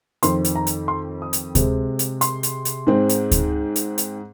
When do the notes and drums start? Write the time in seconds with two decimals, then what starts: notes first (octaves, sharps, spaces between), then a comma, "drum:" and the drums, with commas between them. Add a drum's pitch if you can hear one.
0.23 F2 D#3 C4 C6, drum: hi-hat
0.45 drum: hi-hat
0.55 A#5
0.67 drum: hi-hat
0.88 C6
1.22 D#6
1.33 drum: hi-hat
1.55 C3 G#3 C4, drum: kick D2, hi-hat
1.99 drum: hi-hat
2.21 C6, drum: hi-hat
2.43 drum: hi-hat
2.65 drum: hi-hat
2.87 G#2 G#3 C4
3.09 drum: hi-hat
3.31 drum: kick D2, hi-hat
3.76 drum: hi-hat
3.98 drum: hi-hat